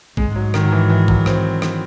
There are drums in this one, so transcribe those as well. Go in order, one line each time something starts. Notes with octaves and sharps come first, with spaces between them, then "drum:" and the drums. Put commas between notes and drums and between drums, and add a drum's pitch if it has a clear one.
G#2 G#3, drum: kick A1
F#3
D#3, drum: rim click
F#3
E3
E3
F#3, drum: kick A1
C4, drum: rim click
drum: rim click